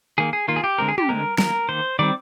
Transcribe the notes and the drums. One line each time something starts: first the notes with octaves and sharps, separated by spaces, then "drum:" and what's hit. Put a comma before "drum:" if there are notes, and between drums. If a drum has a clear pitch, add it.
D#3 A#3 G#4
G#4
D#3 A#3 F4
G#4
G4
D3 G#3 C4 A#4
G#4
G4, drum: tom
D3 G#3 C4 A#4
D#3 A#3 A#4, drum: snare
D#3 A#3 C5
D#3 G3 C4 D5